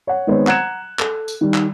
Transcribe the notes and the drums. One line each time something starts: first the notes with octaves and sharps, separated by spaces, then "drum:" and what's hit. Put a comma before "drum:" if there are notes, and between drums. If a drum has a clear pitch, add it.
C#5 F#5
D#3 G#3 B3 C4 C5 C#5
F#5 A#5 F#6 G#6 C#7 E7, drum: clap
A4, drum: clap
drum: tambourine
D#3 G3
drum: clap